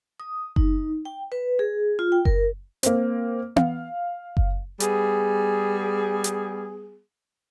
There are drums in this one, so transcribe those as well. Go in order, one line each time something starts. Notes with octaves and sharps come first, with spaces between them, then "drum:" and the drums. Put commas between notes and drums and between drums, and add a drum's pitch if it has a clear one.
D#6
D#4, drum: kick F#1
G5
B4
G#4
F4
G5
A#4, drum: kick F#1
A#3 C4, drum: hi-hat
F5, drum: tom B3
drum: kick F#1
G3 B3 G#4, drum: hi-hat
drum: hi-hat